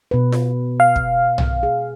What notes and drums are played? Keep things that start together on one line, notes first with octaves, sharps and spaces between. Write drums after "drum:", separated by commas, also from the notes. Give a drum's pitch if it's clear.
B2 B4
drum: snare F4
F5
drum: kick
drum: tom B1
G#4